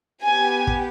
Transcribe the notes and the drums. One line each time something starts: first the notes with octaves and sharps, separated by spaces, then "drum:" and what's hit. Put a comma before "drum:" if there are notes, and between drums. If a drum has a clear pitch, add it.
B3 G4 G#5
drum: kick